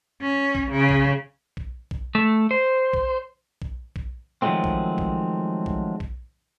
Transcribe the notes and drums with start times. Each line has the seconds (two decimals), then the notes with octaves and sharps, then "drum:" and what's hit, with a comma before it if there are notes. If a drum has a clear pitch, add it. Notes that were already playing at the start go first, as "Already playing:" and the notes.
0.21 C#4
0.55 drum: kick
0.70 C#3
0.89 drum: kick
1.57 drum: kick
1.91 drum: kick
2.15 A3
2.51 C5
2.93 drum: kick
3.62 drum: kick
3.96 drum: kick
4.42 D#3 F3 F#3 G#3 A3 C4
4.64 drum: kick
4.98 drum: kick
5.66 drum: kick
6.00 drum: kick